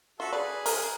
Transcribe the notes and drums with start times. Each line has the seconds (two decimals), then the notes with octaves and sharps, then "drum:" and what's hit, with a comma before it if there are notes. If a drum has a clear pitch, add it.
0.20 F4 F#4 A4 E5
0.33 G#4 B4 D5
0.66 A#4, drum: open hi-hat